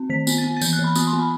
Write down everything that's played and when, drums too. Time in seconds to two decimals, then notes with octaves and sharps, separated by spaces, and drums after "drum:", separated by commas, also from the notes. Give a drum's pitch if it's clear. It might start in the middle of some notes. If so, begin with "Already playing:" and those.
Already playing: C4
0.10 D#3 B6
0.27 B3, drum: tambourine
0.38 A6
0.44 B3
0.57 A6
0.61 E3 G6, drum: tambourine
0.73 F#6
0.79 E3
0.84 B5
0.95 B3 D#6, drum: tambourine
1.07 C6
1.13 B3
1.19 B5